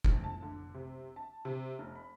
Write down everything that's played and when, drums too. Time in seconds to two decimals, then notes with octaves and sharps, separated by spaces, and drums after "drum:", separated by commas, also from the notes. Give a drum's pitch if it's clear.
0.04 A#1, drum: kick
0.24 A5
0.42 D3
0.74 C3
1.16 A5
1.45 C3
1.79 F1
1.95 B5